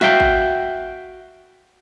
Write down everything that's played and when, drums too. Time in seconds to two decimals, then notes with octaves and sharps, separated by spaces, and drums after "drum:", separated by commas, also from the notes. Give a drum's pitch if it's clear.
0.01 F#4 E5 F5 G5, drum: snare
0.20 drum: kick G#1